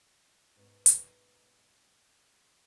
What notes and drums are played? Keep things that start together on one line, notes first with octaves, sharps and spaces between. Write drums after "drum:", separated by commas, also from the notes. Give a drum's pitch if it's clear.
G#2 B2 B3 C#4
drum: hi-hat